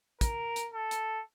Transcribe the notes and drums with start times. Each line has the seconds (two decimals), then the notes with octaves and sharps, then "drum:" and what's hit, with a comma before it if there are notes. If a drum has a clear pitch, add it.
0.21 A#4, drum: kick, hi-hat
0.56 drum: hi-hat
0.74 A4
0.91 drum: hi-hat